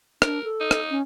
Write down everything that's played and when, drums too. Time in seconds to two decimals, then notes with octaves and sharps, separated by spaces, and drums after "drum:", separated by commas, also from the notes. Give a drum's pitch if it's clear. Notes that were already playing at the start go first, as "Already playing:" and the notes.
0.22 D4 A#4, drum: rim click
0.44 A4
0.60 D#4
0.71 drum: rim click
0.91 C#4